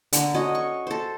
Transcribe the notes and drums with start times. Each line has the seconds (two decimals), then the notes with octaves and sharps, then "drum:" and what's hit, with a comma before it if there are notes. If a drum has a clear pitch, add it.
0.13 D3 A#5, drum: hi-hat
0.35 C#4 F#4 D#5
0.55 C#6
0.87 A4 C5